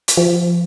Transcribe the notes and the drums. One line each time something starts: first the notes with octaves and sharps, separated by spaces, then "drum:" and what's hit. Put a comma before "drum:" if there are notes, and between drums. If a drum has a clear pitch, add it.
drum: hi-hat
F3